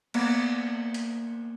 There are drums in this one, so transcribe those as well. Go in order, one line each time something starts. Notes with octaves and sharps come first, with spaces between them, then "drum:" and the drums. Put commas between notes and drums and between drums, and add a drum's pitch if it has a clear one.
A#3 B3 D5, drum: cymbal
drum: hi-hat